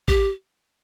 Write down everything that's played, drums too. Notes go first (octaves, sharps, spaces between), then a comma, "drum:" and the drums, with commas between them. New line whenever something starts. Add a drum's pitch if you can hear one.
G4, drum: kick A1